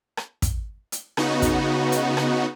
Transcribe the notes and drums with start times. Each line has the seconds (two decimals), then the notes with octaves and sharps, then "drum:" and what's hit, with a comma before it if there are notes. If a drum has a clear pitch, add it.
0.17 drum: rim click
0.42 drum: kick, hi-hat
0.92 drum: hi-hat
1.17 C#3 B3 D#4 F#4, drum: rim click
1.42 drum: kick, hi-hat
1.92 drum: hi-hat
2.17 drum: rim click